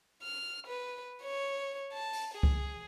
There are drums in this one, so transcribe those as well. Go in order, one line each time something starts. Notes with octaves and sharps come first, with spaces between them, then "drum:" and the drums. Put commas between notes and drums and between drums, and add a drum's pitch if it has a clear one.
F6
B4
C#5
A5
drum: open hi-hat
G#4
drum: kick C#2